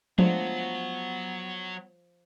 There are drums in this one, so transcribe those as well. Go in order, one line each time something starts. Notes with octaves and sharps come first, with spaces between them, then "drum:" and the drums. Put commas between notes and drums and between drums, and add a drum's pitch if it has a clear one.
F3 F#3 G#3 A3 B3 D4, drum: tom F3